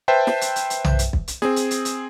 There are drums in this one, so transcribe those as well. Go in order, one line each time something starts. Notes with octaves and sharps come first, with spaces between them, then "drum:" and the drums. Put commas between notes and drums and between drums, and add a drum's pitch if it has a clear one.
B4 C5 E5 G5 A5
drum: snare
drum: hi-hat
drum: hi-hat
drum: hi-hat
drum: tom B1
drum: hi-hat
drum: kick
drum: hi-hat
C4 G#4, drum: snare
drum: hi-hat
drum: hi-hat
drum: hi-hat